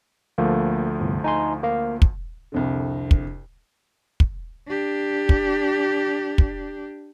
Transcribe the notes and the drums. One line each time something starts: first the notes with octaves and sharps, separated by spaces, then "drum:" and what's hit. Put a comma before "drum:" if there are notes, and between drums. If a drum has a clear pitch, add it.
D2 F3 A3 A#3
G1 C2
D#4 G#5 C6
A#3 F5
drum: kick
C2 F2 D3
drum: kick
drum: kick
D4 G4
drum: kick
drum: kick